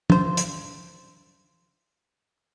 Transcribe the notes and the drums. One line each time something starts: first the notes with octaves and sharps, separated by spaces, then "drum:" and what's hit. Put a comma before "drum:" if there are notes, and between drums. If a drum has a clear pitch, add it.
F4 C5, drum: tom
drum: hi-hat